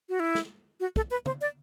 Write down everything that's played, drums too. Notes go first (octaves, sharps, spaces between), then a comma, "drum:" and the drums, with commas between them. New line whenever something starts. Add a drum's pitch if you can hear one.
F#4
E4
drum: snare
F#4
A4, drum: kick
B4
C5, drum: tom
D5